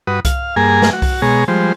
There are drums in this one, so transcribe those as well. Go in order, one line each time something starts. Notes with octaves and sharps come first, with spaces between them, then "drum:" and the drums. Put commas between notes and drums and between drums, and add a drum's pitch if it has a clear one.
G2 F#4 B4 D#6
F5, drum: kick C2, hi-hat
G2 A#3 G#4 G#5 A#5
drum: snare
F#4
drum: kick C2, open hi-hat
B2 G#3 G#4 C#5 A#5
F3 G3 G#3 C5